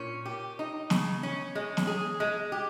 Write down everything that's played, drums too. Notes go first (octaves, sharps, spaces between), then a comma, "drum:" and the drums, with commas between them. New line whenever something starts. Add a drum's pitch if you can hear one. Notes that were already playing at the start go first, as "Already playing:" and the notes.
Already playing: A#2 C#4
G4
D#4
C#3, drum: snare
C#4
G#3
drum: snare
G#4
G#3
G4